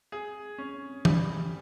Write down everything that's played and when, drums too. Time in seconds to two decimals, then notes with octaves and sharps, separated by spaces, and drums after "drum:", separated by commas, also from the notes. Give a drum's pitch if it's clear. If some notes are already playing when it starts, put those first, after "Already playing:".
0.12 G#4
0.58 C#4
1.05 G3, drum: tom E3